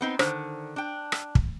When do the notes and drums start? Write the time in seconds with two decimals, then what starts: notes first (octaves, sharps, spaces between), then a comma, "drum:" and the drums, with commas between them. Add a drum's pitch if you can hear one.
0.01 B3 C4 D#4
0.19 D3 D#3 C5, drum: rim click
0.76 D4 G5
1.12 drum: rim click
1.35 drum: kick